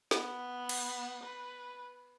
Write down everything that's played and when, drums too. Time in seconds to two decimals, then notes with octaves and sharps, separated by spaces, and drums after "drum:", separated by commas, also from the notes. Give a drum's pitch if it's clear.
0.11 B3, drum: snare
0.69 drum: cymbal
1.23 B4